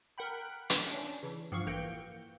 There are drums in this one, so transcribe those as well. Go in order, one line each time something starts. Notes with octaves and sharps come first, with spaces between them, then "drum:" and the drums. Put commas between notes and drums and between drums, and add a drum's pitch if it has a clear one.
A#4 F#5 G5 B5
drum: hi-hat
C#4 D4
C#3 E3
G2 F3 F5 F#5 C#6
A1 E3 A#3 G5 G6 C#7